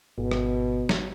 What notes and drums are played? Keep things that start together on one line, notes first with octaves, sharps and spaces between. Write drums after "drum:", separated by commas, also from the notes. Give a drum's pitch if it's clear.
G#1 B2
drum: rim click
drum: snare